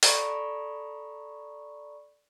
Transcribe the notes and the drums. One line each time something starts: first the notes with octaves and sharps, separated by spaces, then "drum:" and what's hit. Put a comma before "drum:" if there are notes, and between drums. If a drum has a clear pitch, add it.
A4 D5 A#5 B5 C#6, drum: open hi-hat